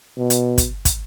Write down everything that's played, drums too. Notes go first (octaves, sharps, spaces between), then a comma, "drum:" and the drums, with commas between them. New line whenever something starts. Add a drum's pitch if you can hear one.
B2
drum: hi-hat
drum: kick, hi-hat
drum: kick, hi-hat